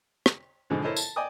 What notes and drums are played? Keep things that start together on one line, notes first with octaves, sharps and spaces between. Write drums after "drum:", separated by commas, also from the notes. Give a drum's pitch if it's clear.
drum: rim click
G#2 B2 D3 F3 G#3
E4 A4 A#4 C5 C#5 D#5
A5, drum: tambourine
D5 D#5 G5 G#5 D6 D#6